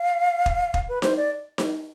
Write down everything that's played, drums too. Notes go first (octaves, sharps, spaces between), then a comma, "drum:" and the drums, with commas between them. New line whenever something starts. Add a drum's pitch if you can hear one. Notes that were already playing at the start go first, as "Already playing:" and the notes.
Already playing: F5
drum: kick
drum: kick
B4
C5, drum: snare D#4
D5
drum: snare D#4